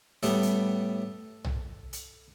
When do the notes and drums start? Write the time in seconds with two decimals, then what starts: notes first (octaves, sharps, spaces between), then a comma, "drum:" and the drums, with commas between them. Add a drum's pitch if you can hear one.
0.23 A2 G3 B3 A4, drum: hi-hat
0.43 drum: hi-hat
1.44 drum: tom B1
1.93 drum: hi-hat